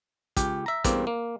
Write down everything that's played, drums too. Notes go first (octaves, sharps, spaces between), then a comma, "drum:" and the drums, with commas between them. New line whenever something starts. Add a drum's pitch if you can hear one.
C#2 G4, drum: kick, hi-hat
E5 A#5
E2 G2 A#3 C4, drum: kick, hi-hat
A#3